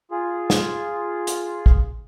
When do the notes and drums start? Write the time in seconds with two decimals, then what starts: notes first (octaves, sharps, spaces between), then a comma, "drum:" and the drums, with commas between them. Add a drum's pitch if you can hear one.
0.11 F4 G#4
0.50 drum: snare
1.27 drum: hi-hat
1.66 drum: kick